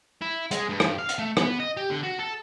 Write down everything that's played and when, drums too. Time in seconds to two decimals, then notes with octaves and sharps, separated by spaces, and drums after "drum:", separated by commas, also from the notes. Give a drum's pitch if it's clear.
0.21 E4
0.51 G#3, drum: hi-hat
0.70 G2
0.80 drum: rim click
0.99 F5
1.09 drum: hi-hat
1.19 A3
1.37 B3, drum: rim click
1.59 D#5
1.77 G4
1.90 D3
2.03 F#4
2.19 A4